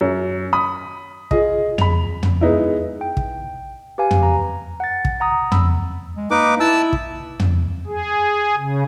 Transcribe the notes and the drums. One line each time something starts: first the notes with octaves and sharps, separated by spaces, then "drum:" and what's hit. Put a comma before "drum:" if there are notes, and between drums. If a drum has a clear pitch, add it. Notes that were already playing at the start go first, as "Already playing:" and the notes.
F#2
B5 D#6
F4 G#4 D#5, drum: kick
B5 F7, drum: tom
drum: tom
G#3 B3 D#4 E4
G5
drum: kick
G4 B4 F5 G#5
drum: tom
A#5
F#5 A6
drum: kick
F#5 A#5 D#6
B5 E6, drum: tom
G#3
A#3 D#4 B4 D6
E4 A5 E6
drum: kick
drum: tom
G#4
C#3